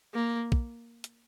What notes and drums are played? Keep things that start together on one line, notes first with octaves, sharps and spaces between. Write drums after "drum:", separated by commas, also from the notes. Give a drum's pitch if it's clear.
A#3
drum: kick
drum: hi-hat